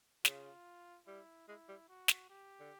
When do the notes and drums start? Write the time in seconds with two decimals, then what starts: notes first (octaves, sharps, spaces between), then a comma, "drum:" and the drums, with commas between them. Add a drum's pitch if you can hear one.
0.25 C#3 F4, drum: snare
1.07 G3 E4
1.48 G#3 E4
1.69 G3
1.89 F#4
2.08 drum: snare
2.30 G4
2.60 D3